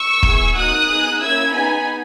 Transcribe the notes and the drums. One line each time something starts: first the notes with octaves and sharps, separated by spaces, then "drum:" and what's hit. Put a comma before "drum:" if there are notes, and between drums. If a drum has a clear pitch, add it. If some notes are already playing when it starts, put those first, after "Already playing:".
Already playing: C#6 E6
B3 E4 G#4, drum: kick
A#3 D#4 F#4 D#6 F#6
B3 D#4 G#4
A#3 C#4 E4 E6 G#6
B3 D#4 G#4 G#5 B5